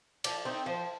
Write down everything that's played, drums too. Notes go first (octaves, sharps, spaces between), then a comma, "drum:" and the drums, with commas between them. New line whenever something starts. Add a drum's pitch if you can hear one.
F3 D5, drum: cymbal
C4 D#4
F3 C5